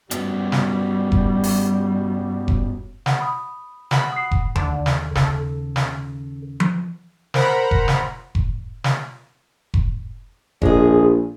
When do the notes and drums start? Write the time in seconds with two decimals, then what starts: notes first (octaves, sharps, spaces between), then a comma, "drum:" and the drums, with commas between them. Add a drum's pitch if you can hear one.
0.11 G2 G3 B3 C#4 F#4, drum: hi-hat
0.52 drum: snare
1.12 drum: kick F1
1.44 drum: open hi-hat
2.48 drum: kick F1
3.06 F#5, drum: snare
3.20 B5 D#6
3.91 F#4 B5, drum: snare
4.12 D#6 C7
4.31 drum: kick F1
4.56 D#2 D3, drum: tom D2
4.86 drum: snare
5.15 D#2 C#3 A4, drum: snare
5.76 drum: snare
6.60 drum: tom F3
7.34 A#4 C5 F#5 A#5 B5, drum: snare
7.71 drum: kick F1
7.88 drum: snare
8.35 drum: kick F1
8.84 drum: snare
9.74 drum: kick F1
10.62 A#1 G#3 G#4, drum: kick F1